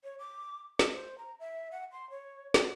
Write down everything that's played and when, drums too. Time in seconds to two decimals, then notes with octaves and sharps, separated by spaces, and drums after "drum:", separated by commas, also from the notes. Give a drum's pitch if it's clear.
0.04 C#5
0.19 D6
0.79 D#5, drum: snare
0.94 C5
1.18 A#5
1.40 E5
1.71 F#5
1.92 C6
2.10 C#5
2.54 F#4, drum: snare